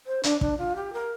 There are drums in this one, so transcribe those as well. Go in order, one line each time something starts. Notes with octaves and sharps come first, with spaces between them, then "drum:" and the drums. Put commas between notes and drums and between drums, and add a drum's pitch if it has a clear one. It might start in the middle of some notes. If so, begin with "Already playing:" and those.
C5
D4, drum: hi-hat
D4, drum: kick
F4
G4
A#4